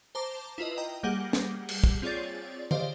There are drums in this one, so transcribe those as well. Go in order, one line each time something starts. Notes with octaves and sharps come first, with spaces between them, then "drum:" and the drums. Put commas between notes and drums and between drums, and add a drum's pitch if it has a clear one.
C5 A5 A#5 D6
E4 F4 B4 D#5
D#5 G5 A#5
G3 A#3 G4 G#4 F#5
drum: snare
drum: cymbal
drum: kick
C4 F4 G#4 C#5 D5 A6
G4 C5 D5 D#5 F5, drum: tom D3